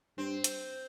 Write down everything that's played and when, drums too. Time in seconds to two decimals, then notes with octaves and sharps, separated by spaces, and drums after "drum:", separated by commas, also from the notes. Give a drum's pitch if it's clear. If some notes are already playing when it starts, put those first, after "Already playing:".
0.18 G2 C4
0.44 drum: hi-hat